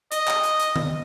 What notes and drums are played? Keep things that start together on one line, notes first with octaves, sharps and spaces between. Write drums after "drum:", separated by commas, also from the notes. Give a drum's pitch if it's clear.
D#5, drum: hi-hat
drum: clap
drum: hi-hat
drum: hi-hat
drum: tom D#3